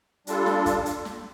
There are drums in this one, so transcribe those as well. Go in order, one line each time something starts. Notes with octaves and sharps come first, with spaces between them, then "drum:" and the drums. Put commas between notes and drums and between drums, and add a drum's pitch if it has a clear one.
G3 D4 F4 A4, drum: hi-hat
drum: snare
drum: kick, hi-hat
drum: hi-hat
drum: snare